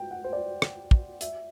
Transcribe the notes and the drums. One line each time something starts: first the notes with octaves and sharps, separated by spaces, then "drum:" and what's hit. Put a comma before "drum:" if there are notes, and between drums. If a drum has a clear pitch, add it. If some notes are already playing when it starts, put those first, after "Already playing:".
Already playing: G5
F#5
C5
D5
drum: rim click
drum: kick
E5, drum: hi-hat